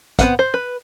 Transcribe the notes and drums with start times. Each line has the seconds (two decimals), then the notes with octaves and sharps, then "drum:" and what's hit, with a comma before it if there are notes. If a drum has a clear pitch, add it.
0.19 B3 C4 B4 F5 F#5, drum: kick, hi-hat
0.39 C5
0.54 B4